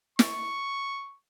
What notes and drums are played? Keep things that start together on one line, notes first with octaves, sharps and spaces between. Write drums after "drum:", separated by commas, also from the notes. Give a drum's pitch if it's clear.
C#6, drum: snare